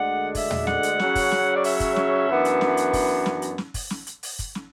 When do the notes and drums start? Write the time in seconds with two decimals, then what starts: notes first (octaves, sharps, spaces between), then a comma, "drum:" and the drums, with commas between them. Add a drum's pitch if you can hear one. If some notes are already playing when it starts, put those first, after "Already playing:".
Already playing: D2 D3 G#3 D4 F#5
0.35 E5, drum: kick, open hi-hat
0.51 drum: tom
0.67 F#5, drum: snare
0.83 drum: hi-hat
0.99 C#3 F#3 C#4, drum: snare
1.15 drum: kick, open hi-hat
1.32 drum: snare
1.54 D5
1.64 E5, drum: open hi-hat
1.80 drum: kick, hi-hat
1.96 drum: snare
2.29 F#2 E3 B3 D4
2.45 drum: hi-hat
2.61 drum: snare
2.77 drum: hi-hat
2.93 drum: kick, open hi-hat
3.26 drum: snare
3.42 drum: hi-hat
3.58 drum: snare
3.74 drum: kick, open hi-hat
3.90 drum: snare
4.07 drum: hi-hat
4.23 drum: open hi-hat
4.39 drum: kick, hi-hat
4.55 drum: snare